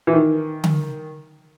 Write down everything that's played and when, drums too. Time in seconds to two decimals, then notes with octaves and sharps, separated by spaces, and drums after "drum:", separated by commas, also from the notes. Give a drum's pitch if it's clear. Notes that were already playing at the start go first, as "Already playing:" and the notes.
0.07 E3
0.13 D#3
0.64 drum: tom D3